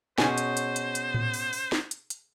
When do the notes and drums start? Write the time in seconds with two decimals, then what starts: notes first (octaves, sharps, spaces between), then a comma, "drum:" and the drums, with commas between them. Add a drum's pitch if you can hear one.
0.18 B2 C#4 G#4 C5 C#5 G#5, drum: snare
0.38 drum: hi-hat
0.57 drum: hi-hat
0.76 drum: hi-hat
0.95 drum: hi-hat
1.14 drum: tom A2
1.34 drum: open hi-hat
1.53 drum: open hi-hat
1.72 drum: snare
1.91 drum: hi-hat
2.10 drum: hi-hat